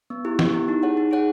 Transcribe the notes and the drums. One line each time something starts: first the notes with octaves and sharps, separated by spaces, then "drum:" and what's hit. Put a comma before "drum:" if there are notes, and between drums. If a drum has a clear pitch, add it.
B3
E4 G4
B3, drum: snare
E4 G4
D#4
G#4 C#5 F#5
D#4
G#4 C#5 F#5